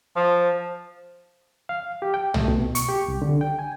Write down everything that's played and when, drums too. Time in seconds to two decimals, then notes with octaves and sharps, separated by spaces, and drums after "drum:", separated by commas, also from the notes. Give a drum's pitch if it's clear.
0.16 F3
1.69 F5
2.02 G4
2.14 G5
2.34 A3, drum: tom
2.48 B2
2.75 C#6, drum: hi-hat
2.89 G4
3.08 C2
3.22 D3
3.41 G5
3.59 G#5